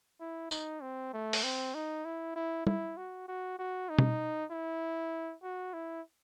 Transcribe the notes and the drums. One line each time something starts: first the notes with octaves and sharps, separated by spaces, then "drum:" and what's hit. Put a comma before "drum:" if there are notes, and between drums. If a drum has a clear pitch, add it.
E4
D#4, drum: tambourine
C4
A3
drum: open hi-hat
C4
D#4
E4
E4
E4, drum: tom
F#4
F#4
F#4
D#4
drum: tom B2
E4
F#4
E4